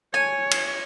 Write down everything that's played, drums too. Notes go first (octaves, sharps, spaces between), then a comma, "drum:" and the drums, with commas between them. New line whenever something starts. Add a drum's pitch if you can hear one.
C#5 G#5
drum: cymbal